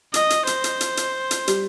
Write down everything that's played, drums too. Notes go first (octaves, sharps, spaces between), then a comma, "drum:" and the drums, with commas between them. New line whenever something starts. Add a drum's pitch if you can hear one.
D#5, drum: hi-hat
drum: hi-hat
C5, drum: hi-hat
drum: hi-hat
drum: hi-hat
drum: hi-hat
drum: hi-hat
G3, drum: hi-hat